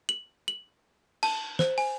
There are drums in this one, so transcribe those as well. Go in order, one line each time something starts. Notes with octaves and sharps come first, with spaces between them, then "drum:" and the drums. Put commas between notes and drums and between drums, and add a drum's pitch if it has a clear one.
F#7
F#7
A5, drum: cymbal
C5, drum: snare
G#5, drum: open hi-hat